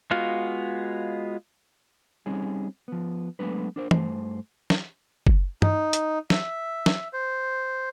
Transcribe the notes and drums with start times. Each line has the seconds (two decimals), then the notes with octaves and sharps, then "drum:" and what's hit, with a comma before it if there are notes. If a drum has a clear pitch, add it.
0.11 G#3 B3 F4 F#4 F5
2.26 G3 C4 C#4 D#4 G#4
2.88 F3 B3
3.39 F#3 G#3 A3 B3 D4 B4
3.76 D4 A#4 C5
3.91 G2 A3 C5, drum: tom
4.70 drum: snare
5.27 drum: kick F#1
5.62 D#4, drum: tom
5.93 drum: hi-hat
6.30 E5, drum: snare
6.86 drum: snare
7.13 C5